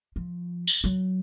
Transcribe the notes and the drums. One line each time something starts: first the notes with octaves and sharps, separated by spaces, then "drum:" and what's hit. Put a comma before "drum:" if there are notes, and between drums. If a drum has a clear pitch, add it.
F3
drum: tambourine
F#3